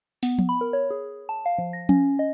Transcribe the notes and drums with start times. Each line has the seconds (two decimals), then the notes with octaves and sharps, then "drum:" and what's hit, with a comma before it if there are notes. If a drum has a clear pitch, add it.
0.23 B3, drum: open hi-hat
0.39 drum: tom F3
0.49 B5
0.61 A#4
0.73 C#5
0.91 G#4
1.29 A5
1.46 F5
1.58 F3
1.73 A#6
1.89 C#4, drum: tom F3
2.19 D#5